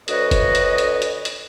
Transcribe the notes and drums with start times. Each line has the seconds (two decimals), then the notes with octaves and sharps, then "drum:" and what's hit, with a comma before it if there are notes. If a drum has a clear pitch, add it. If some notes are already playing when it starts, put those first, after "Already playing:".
0.08 D2 B4 C#5 D#5, drum: hi-hat
0.31 drum: kick F#1, hi-hat
0.55 drum: hi-hat
0.78 drum: hi-hat
1.02 drum: hi-hat
1.25 drum: hi-hat